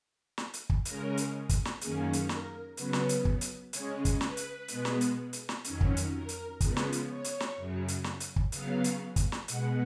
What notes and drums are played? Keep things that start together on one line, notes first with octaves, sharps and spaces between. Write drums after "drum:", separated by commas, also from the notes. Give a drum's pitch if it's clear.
drum: snare
drum: hi-hat
drum: kick
C#3 G#3 C#4 A#4, drum: hi-hat
drum: hi-hat
drum: kick, hi-hat
drum: snare
F#2 D#3 A#3 C#4 G#4, drum: hi-hat
drum: hi-hat
A#4, drum: snare
C#3 F#3 B3 B4, drum: hi-hat
drum: snare
drum: hi-hat
drum: kick
drum: hi-hat
C#3 G#3 C#4 C#5, drum: hi-hat
drum: kick, hi-hat
B4, drum: snare
drum: hi-hat
B2 G#3 B3, drum: hi-hat
drum: snare
drum: hi-hat
drum: hi-hat
drum: snare
F2 D#3 F#3 C#4, drum: hi-hat
drum: kick
drum: hi-hat
A#4
drum: hi-hat
C#3 F3 G#3 B3, drum: kick, hi-hat
drum: snare
drum: hi-hat
C#5
drum: hi-hat
drum: snare
F#2 C#3 F#3
drum: hi-hat
drum: snare
drum: hi-hat
drum: kick
C#3 F#3 B3 F5, drum: hi-hat
drum: hi-hat
drum: kick, hi-hat
drum: snare
B2 G#3 B3 F#5, drum: hi-hat